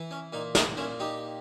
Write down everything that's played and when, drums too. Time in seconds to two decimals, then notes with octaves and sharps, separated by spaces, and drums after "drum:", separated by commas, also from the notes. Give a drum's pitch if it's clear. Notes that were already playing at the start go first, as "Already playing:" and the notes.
Already playing: E3
0.11 C#4
0.33 A#2 D#4
0.55 D#4, drum: snare
0.77 A#2 C#4 E4
1.00 D#4 G4